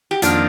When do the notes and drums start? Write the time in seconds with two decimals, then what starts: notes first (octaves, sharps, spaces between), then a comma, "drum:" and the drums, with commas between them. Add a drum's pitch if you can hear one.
0.11 G4
0.22 F2 D#3 A#3 D4 F4, drum: hi-hat